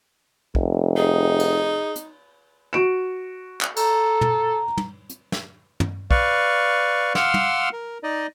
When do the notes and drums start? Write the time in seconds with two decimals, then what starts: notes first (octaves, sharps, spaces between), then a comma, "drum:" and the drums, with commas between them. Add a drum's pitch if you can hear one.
0.55 F1, drum: kick
0.96 D#4 G#4
1.39 drum: cymbal
1.96 drum: hi-hat
2.73 F#4 D7 E7
3.61 drum: clap
3.76 A4 A#5, drum: cymbal
4.21 drum: tom
4.78 drum: tom
5.10 drum: hi-hat
5.32 drum: snare
5.80 drum: tom
6.11 B4 D5 F5 C#6, drum: kick
7.15 F5 F#5 C6 D6 E6 F6, drum: snare
7.34 drum: tom
7.73 A#4
8.03 D#4 D5 D#5